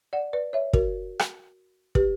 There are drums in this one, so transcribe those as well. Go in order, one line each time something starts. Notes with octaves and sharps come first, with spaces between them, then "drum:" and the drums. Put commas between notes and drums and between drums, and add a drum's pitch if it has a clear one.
D5 F#5
B4 D5
C#5 E5
F#4 A#4, drum: kick
drum: rim click
G4 B4, drum: kick